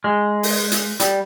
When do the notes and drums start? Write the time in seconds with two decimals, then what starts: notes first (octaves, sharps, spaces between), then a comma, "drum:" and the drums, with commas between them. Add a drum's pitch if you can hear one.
0.04 G#3
0.43 drum: open hi-hat
0.71 drum: hi-hat
1.00 G3, drum: hi-hat